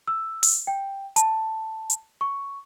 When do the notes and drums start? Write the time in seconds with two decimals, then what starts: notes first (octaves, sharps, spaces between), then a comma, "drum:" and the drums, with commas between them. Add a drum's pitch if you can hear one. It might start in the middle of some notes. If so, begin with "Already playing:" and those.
0.08 E6
0.43 drum: open hi-hat
0.67 G5
1.16 A5, drum: hi-hat
1.90 drum: hi-hat
2.21 C#6